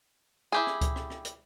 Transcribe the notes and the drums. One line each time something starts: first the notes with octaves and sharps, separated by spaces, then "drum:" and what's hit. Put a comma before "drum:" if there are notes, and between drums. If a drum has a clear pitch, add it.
E4 G4 G#4
drum: rim click
drum: kick C#2, hi-hat
drum: rim click
drum: rim click
drum: hi-hat